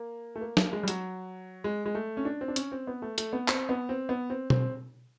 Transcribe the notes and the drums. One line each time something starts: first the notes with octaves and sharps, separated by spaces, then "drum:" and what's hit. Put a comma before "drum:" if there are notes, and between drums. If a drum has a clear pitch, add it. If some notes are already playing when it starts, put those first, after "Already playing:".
Already playing: A#3
A3
A#3
A#3, drum: snare
G#3
G3
F#3, drum: hi-hat
G#3
G#3
A3
C#4
D4
C4
D4
C#4, drum: hi-hat
C4
B3
A3
A3, drum: hi-hat
B3
C4, drum: clap
B3
C4
B3
C4
C4, drum: tom B2